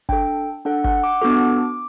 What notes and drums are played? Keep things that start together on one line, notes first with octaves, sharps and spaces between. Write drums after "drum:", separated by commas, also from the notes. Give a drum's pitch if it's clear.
D4 A4 G5, drum: kick
D4 A4 F#5
F#5, drum: kick
D6
B3 D4 F#4 A4 D6